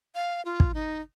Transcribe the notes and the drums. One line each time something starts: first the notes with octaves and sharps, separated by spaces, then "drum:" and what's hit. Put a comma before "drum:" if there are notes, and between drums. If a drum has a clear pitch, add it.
F5
F4
drum: kick
D#4